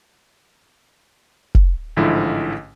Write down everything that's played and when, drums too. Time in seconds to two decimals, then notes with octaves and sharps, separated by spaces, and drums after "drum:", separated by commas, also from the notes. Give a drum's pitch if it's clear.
1.55 drum: kick
1.97 A1 G#2 D3 F3 E4